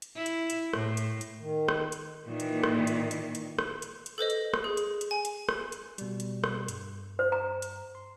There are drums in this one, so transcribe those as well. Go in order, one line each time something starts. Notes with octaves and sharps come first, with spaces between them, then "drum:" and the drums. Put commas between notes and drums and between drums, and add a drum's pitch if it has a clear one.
drum: hi-hat
E4
drum: hi-hat
drum: hi-hat
A2, drum: rim click
drum: hi-hat
drum: hi-hat
D#3
drum: rim click
drum: hi-hat
A#2 D#3 E3
drum: hi-hat
drum: rim click
drum: hi-hat
drum: hi-hat
drum: hi-hat
drum: rim click
drum: hi-hat
drum: hi-hat
A4 B4 C5 D#5
drum: hi-hat
drum: rim click
G#4
drum: hi-hat
drum: hi-hat
G#5
drum: hi-hat
drum: rim click
drum: hi-hat
B2 G3, drum: hi-hat
drum: hi-hat
drum: rim click
G2, drum: hi-hat
C5
A#5
drum: hi-hat
C6